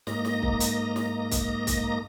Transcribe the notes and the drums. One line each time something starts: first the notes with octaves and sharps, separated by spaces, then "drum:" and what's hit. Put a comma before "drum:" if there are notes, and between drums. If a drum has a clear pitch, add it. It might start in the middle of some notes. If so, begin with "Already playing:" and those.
G#2 A#3 D#5 A#5 A#6, drum: snare
drum: snare
drum: kick
drum: hi-hat
drum: snare
drum: kick, hi-hat
drum: kick, hi-hat